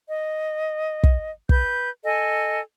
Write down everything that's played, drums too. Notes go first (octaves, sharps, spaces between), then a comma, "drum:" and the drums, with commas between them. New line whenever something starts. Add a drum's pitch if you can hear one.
D#5
drum: kick
B4 G6, drum: kick
A4 D#5 G#5